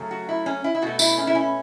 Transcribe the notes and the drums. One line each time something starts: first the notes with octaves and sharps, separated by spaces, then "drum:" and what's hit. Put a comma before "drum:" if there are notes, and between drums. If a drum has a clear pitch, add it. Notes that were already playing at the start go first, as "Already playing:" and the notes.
Already playing: C#3 F#3 A3
F#4
E4
C#4
E4
E4
B2 A3 F#4
E4, drum: tambourine
C#4
E4
C#4